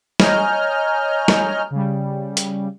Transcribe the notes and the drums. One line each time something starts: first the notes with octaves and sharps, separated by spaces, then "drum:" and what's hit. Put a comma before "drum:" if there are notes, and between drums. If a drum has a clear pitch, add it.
C#5 D#5 G#5 A#5 F6 G6, drum: snare
drum: snare
C#3 G3
drum: hi-hat